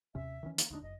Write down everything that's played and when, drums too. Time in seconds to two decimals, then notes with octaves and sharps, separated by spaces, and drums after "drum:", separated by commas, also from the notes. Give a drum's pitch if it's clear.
0.15 D#2 C3 C#4 E5
0.43 D#3 E3 C#4
0.58 A#3, drum: hi-hat
0.71 D2 G2 D4 D#4
0.82 F#1 D#5